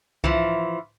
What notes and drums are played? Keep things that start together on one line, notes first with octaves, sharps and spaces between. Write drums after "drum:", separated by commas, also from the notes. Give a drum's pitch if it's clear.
E3 F3, drum: kick C2